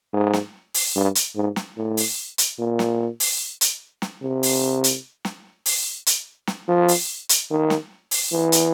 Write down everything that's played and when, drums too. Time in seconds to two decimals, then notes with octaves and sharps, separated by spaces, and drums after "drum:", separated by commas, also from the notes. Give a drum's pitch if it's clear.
0.13 G#2
0.33 drum: snare
0.74 drum: open hi-hat
0.95 G2
1.15 drum: hi-hat
1.36 G#2
1.56 drum: snare
1.77 A2
1.97 drum: open hi-hat
2.38 drum: hi-hat
2.59 A#2
2.79 drum: snare
3.20 drum: open hi-hat
3.61 drum: hi-hat
4.02 drum: snare
4.23 C3
4.43 drum: open hi-hat
4.84 drum: hi-hat
5.25 drum: snare
5.66 drum: open hi-hat
6.06 drum: hi-hat
6.47 drum: snare
6.68 F3
6.88 drum: open hi-hat
7.29 drum: hi-hat
7.50 D#3
7.70 drum: snare
8.11 drum: open hi-hat
8.32 E3
8.52 drum: hi-hat